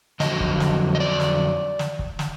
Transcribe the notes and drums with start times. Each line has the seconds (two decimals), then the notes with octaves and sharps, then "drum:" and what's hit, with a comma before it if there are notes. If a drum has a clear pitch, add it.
0.20 F2 D3 F#3 D#5, drum: snare
0.40 drum: kick
0.60 drum: snare
0.95 D#5
1.00 D5
1.20 drum: snare
1.79 drum: snare
1.99 drum: kick
2.19 drum: snare